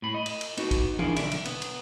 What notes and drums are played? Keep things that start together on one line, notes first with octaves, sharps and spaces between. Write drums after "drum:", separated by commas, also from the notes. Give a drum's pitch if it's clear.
A2 B5
D#5
drum: cymbal
drum: cymbal
B3 D#4 F#4, drum: cymbal
drum: kick A1, cymbal
D4 E4 F4 G#4 A#4, drum: tom E3
B1 D3 D5 E5, drum: cymbal
drum: cymbal
B3, drum: cymbal
drum: cymbal